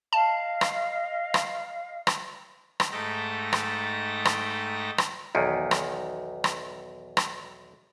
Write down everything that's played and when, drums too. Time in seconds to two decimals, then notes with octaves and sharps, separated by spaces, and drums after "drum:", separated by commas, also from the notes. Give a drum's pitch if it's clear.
0.13 D#5 F5 A5
0.61 drum: rim click
1.34 drum: rim click
2.07 drum: rim click
2.80 drum: rim click
2.92 G#2 A3 D#4 A4 G5 A#6
3.53 drum: rim click
4.25 drum: rim click
4.98 drum: rim click
5.35 B1 E2 D#3
5.71 drum: rim click
6.44 drum: rim click
7.17 drum: rim click